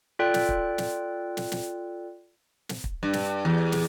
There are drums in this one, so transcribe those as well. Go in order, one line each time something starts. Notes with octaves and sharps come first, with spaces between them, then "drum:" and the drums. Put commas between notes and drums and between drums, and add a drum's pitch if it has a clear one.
F4 A4 D5 G5 F#6
drum: snare
drum: kick
drum: snare
drum: snare
drum: snare
drum: snare
drum: kick
G2
drum: snare
E2
drum: snare